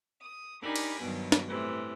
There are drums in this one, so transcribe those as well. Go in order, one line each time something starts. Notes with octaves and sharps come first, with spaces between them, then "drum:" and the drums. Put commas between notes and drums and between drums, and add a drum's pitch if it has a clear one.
D#6
D4 D#4 G4 A#4 G#5 B5
drum: cymbal
G2 B2 D#3 F#3
drum: snare
A2 C3 E3